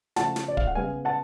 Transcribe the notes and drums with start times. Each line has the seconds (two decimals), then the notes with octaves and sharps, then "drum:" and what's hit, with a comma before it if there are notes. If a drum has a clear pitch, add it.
0.16 C#3 F3 A3 F#5 A5, drum: snare
0.36 drum: snare
0.48 D5
0.57 F5, drum: kick
0.67 F#5
0.75 C#3 G#3 B3 F5 G#5
1.05 F#5 A5